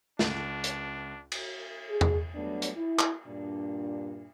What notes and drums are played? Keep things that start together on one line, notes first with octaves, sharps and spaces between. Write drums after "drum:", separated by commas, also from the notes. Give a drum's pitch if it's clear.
C#2 D4, drum: snare
drum: hi-hat
drum: cymbal
G#4
drum: tom E2
F#3 G3 A3 B3 D4
drum: hi-hat
E4
drum: clap
G2 A#2 D4